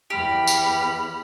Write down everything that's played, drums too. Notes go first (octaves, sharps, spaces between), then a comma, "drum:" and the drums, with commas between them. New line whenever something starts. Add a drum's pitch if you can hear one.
E2 G4 B5 F6
drum: tambourine